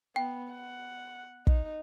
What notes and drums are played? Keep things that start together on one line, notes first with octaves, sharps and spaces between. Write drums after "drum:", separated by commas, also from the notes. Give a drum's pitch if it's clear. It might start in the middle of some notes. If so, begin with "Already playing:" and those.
B3 G5
F#5
D#4, drum: kick